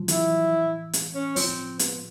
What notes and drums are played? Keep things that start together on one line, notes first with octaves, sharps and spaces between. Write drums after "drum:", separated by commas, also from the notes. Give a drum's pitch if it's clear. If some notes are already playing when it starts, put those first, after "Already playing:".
Already playing: F3 F#3
E3 E4, drum: hi-hat
drum: hi-hat
C#4
F3 C4, drum: open hi-hat
B3, drum: hi-hat